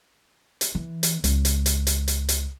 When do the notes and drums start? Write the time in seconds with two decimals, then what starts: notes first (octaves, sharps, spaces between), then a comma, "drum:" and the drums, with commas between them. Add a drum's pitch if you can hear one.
0.61 drum: hi-hat
0.75 E3
1.03 drum: hi-hat
1.24 C#2, drum: hi-hat
1.45 drum: hi-hat
1.66 drum: hi-hat
1.87 drum: hi-hat
2.08 drum: hi-hat
2.29 drum: hi-hat